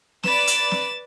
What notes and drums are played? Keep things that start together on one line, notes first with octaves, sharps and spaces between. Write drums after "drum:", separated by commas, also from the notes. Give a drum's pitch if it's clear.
B4 D5 A6 E7, drum: snare
drum: hi-hat
drum: snare